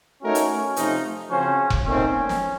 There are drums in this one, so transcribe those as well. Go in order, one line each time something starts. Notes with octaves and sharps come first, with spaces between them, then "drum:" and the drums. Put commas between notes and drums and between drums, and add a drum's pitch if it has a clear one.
A3 C#4 D#4 F#4 A#4 C#5
drum: hi-hat
C3 F3 A3 D#4, drum: hi-hat
C#3 F3 C4 C#4 F#4 C5
drum: kick F1
A#2 A3 C4 C#4 D#4
drum: snare